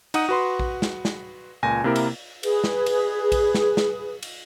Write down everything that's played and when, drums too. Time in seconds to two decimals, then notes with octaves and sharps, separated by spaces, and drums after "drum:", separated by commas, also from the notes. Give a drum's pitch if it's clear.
0.14 D#4 F#5 D#6 D#7, drum: cymbal
0.29 F#4 B4 C6
0.59 drum: kick A#1
0.82 drum: snare
1.05 drum: snare
1.63 C#2 A#2 G#5 A#6
1.84 C3 A#3 E4 A#4
1.96 drum: cymbal
2.43 G#4 B4, drum: cymbal
2.64 drum: snare
2.86 drum: cymbal
3.32 drum: kick A#1, cymbal
3.54 drum: snare
3.77 drum: snare
4.23 drum: cymbal